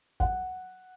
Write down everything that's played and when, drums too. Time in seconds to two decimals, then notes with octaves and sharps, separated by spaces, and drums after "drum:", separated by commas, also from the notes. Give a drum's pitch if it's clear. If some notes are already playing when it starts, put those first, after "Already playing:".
0.20 F#5, drum: kick